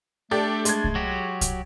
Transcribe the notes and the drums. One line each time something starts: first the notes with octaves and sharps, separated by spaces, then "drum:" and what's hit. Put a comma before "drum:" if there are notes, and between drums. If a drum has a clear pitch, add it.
A3 D4 G4 A4 D5
G#3 G#6, drum: hi-hat
drum: kick B1
F#3 F#4 G4
drum: kick B1, hi-hat